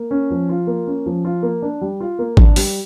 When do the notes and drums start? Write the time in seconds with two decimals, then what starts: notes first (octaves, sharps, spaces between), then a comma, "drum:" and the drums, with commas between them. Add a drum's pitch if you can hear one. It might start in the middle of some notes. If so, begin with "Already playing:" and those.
Already playing: A#3
0.11 C#4
0.30 F3
0.49 F4
0.67 A#3
0.87 C#4
1.06 F3
1.25 F4
1.43 A#3
1.62 D4
1.81 G3
2.00 F4
2.19 A#3
2.37 D4, drum: kick G#1
2.56 G3, drum: open hi-hat